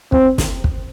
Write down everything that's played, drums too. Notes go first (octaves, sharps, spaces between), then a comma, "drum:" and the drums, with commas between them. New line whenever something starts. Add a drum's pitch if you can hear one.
C4, drum: kick
drum: snare
drum: kick